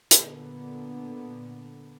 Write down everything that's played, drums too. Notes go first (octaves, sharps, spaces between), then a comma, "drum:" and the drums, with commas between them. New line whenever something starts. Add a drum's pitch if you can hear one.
A#2 D3 B3, drum: hi-hat